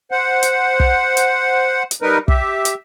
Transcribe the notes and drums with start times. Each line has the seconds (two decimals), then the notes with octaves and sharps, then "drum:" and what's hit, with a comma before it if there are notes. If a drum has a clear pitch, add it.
0.11 C5 F#5
0.43 drum: hi-hat
0.80 drum: kick
1.17 drum: hi-hat
1.91 drum: hi-hat
2.02 G3 D#4 A#4 B4
2.28 G4 E5, drum: kick
2.65 drum: hi-hat